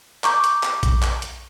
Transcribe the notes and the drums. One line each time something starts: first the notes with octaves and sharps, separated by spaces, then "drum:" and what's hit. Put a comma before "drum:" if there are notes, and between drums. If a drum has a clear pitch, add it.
A#5 C#6 D6 G6, drum: clap
drum: hi-hat
drum: clap
drum: kick A#1, hi-hat
drum: clap
drum: hi-hat